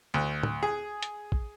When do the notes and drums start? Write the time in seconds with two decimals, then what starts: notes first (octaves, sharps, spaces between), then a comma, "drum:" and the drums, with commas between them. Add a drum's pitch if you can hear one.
0.14 D2
0.43 drum: tom
0.63 G#4
1.03 drum: hi-hat
1.32 drum: kick A#1